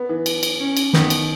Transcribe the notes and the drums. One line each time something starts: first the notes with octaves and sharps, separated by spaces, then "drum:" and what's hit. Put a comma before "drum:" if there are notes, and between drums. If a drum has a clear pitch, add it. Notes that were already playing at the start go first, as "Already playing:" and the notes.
Already playing: B3
E3
drum: cymbal
drum: cymbal
C#4
drum: cymbal
D#3 B3, drum: snare
drum: cymbal